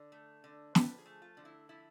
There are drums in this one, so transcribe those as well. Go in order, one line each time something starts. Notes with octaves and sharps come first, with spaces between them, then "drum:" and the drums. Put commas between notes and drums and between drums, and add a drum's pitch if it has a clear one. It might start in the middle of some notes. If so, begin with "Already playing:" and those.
Already playing: D3
A3
D3
F3 B4, drum: snare
G#4
A3
F4
D3
E4
F3 E4